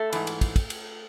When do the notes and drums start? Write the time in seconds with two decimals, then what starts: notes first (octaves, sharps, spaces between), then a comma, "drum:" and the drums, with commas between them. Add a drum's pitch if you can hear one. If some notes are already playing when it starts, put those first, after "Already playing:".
Already playing: A3 A4
0.13 G#2 E3, drum: cymbal
0.27 drum: cymbal
0.41 drum: kick, cymbal
0.56 drum: kick, cymbal
0.70 drum: cymbal